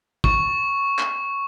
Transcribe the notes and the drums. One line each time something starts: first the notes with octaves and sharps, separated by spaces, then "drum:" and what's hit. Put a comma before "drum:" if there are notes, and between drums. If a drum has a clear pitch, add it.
C#6, drum: kick
drum: clap